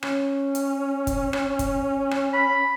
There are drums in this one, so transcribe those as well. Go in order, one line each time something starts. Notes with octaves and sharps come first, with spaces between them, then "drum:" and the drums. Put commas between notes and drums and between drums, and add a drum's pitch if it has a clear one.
C#4, drum: rim click
drum: hi-hat
drum: kick, hi-hat
drum: rim click
drum: kick, hi-hat
drum: rim click
B5